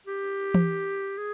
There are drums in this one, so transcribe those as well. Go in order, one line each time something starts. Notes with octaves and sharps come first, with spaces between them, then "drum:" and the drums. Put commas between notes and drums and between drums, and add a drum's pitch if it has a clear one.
G4
drum: tom E3
G#4